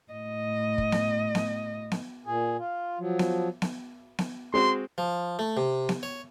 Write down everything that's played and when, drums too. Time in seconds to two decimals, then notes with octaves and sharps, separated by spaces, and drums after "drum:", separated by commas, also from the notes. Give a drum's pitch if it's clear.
0.12 A2 D#5
0.78 drum: kick
0.92 drum: snare B3
1.35 drum: snare B3
1.91 drum: snare B3
2.26 A#2 G#4
2.59 F4
2.99 F3 F#3
3.19 drum: snare B3
3.62 drum: snare B3
4.19 drum: snare B3
4.54 G#3 C4 F#4 C6
4.98 F3
5.39 A3
5.57 C3
5.89 drum: snare B3
6.03 C#5